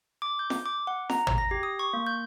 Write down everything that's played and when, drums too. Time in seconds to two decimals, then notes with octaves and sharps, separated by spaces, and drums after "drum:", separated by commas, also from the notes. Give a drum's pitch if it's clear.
0.22 D6
0.39 G6
0.50 drum: snare
0.66 D6
0.87 F#5
1.10 A#5, drum: snare
1.27 drum: tom
1.38 A#6
1.51 G4
1.63 D#6
1.79 C#6
1.93 A#3
2.07 G6